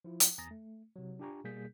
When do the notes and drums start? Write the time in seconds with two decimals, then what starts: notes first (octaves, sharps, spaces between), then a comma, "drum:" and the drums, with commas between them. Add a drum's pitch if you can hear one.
0.04 F3 E4 F4
0.20 drum: hi-hat
0.38 E2 G#5 A#5 D#6 A6 A#6
0.51 A3
0.96 C3 F#3
1.19 D4 F4 G4 G#5 A#5 C#6
1.44 B2 G3 A#3 G#4 G6 B6